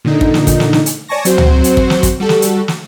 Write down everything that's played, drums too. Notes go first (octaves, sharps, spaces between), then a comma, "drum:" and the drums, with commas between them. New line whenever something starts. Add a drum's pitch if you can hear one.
A#2 D3 D#4
drum: kick
drum: snare
drum: kick, hi-hat
drum: snare
drum: snare
drum: hi-hat
C#5 D5 G#5 A5 C#6 A#6
F#3 C4 F#4 C5, drum: hi-hat
drum: tom
drum: hi-hat
drum: kick
drum: snare
drum: kick, hi-hat
G3 F#4 A4
drum: snare
drum: hi-hat
drum: snare